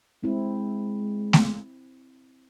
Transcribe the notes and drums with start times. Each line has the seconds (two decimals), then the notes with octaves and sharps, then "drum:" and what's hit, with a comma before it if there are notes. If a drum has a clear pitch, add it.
0.24 G#3 C4 E4
1.33 drum: snare A3